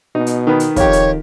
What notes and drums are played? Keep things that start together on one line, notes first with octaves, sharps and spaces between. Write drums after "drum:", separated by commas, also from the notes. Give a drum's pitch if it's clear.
B2 D#4
drum: hi-hat
D#3 B3
drum: hi-hat
F2 D#3 G4 C#5, drum: kick, hi-hat
drum: hi-hat